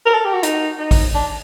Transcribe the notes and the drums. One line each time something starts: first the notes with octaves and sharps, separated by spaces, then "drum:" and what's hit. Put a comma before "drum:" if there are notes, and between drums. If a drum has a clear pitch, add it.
A#4
A4
G4
F#4
D#4, drum: hi-hat
D#4
drum: kick A1, open hi-hat
D4